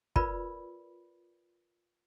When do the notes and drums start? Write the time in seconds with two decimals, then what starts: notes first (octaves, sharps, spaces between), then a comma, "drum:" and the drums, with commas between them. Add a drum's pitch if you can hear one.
0.16 F4 A#4 B4 D5 B5, drum: kick